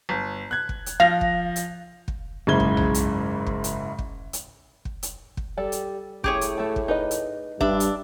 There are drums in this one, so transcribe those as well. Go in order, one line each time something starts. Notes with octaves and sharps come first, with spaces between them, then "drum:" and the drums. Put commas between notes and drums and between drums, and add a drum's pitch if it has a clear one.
G1
F#6 G#6
drum: kick
drum: hi-hat
F3 F5 A#6 F7
drum: kick
drum: hi-hat
drum: kick
F#1 G#2 C#3 E4 G#6 G7
drum: kick
drum: tom B1
drum: hi-hat
drum: kick
drum: hi-hat
drum: kick
drum: hi-hat
drum: kick
drum: hi-hat
drum: kick
G3 G4 A4 D5
drum: hi-hat
A2 G4 G#4 C#5, drum: kick
drum: hi-hat
A3 A4
drum: kick
D#4 B4 D#5
drum: hi-hat
G2 D4 E5, drum: kick
drum: hi-hat